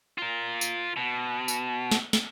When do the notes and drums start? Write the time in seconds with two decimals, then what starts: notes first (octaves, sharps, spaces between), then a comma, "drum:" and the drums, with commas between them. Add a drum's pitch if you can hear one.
0.18 F4 A#4
0.61 drum: tambourine
0.97 B2
1.48 drum: tambourine
1.92 drum: snare
2.13 drum: snare